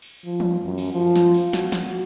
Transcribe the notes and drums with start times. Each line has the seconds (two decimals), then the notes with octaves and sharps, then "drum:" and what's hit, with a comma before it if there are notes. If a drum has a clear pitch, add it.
0.02 drum: cymbal
0.25 F3
0.40 drum: tom
0.64 F#2
0.78 drum: cymbal
0.93 F3
1.16 drum: snare
1.34 drum: cymbal
1.53 F#4, drum: snare
1.72 drum: snare